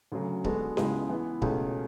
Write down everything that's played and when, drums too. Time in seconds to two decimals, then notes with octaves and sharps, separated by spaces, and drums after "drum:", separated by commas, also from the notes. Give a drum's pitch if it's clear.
0.12 D2 C#3 F#3
0.44 D3 G#3 B3 F#4 A4, drum: kick C#1
0.77 C#2 C#3 G#3 B3 E4, drum: snare C#4
1.09 E3 B3 E4
1.42 C#2 B2 A3 C#4 G#4, drum: kick C#1